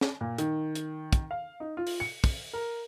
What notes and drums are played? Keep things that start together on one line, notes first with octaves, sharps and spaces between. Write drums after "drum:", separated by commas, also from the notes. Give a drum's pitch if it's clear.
drum: snare
A#2
D#3, drum: hi-hat
drum: hi-hat
drum: kick, hi-hat
F5
D#4
F4
drum: open hi-hat
C#7
drum: kick, open hi-hat
A#4